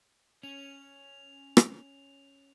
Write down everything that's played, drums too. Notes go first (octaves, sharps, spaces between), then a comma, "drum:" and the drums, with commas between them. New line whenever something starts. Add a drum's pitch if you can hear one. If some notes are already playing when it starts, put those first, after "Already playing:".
C#4 F7
drum: rim click